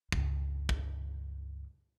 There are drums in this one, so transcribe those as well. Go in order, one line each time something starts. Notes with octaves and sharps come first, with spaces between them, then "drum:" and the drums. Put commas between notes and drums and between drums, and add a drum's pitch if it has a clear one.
C#2 G2, drum: kick
drum: kick